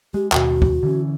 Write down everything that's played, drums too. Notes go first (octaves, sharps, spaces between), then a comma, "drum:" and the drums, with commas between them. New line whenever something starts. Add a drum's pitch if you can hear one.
G#3 G4
D#2 B2 F#4, drum: clap
drum: kick
D3 E3 C#4